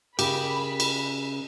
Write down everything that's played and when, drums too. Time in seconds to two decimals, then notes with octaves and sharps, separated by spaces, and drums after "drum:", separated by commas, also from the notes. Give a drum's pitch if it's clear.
0.19 C#3 G4 A#4 B5, drum: cymbal
0.80 drum: cymbal